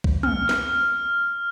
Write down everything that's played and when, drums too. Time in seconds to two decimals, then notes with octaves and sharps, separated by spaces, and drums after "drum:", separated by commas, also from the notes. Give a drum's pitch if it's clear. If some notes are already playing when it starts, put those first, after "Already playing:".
0.04 drum: kick B1
0.23 F6, drum: tom
0.49 drum: snare